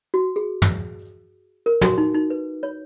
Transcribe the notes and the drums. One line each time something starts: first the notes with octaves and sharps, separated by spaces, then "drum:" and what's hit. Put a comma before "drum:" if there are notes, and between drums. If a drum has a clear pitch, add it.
F#4
G#4
drum: tom
A#4
F#4, drum: tom
D#4
D#4
B4
C#5